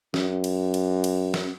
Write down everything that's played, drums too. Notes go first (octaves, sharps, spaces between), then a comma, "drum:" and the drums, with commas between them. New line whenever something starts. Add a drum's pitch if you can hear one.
F#2, drum: snare
drum: cymbal
drum: cymbal
drum: cymbal
drum: snare